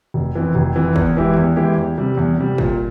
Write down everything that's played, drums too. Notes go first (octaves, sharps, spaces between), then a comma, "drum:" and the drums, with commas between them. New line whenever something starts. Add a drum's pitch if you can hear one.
F1
F2 E3
F1
F2 E3
E2, drum: kick
E3 G#3 E4 G4
E2
E3 G#3 E4 G4
E2
C3 G3
E2
C3 G3
A#2, drum: kick